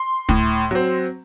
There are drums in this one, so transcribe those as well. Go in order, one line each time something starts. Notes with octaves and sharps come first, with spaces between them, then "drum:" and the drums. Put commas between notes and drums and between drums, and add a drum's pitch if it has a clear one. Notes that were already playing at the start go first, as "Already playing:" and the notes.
Already playing: C6
A2, drum: kick
F#3 C4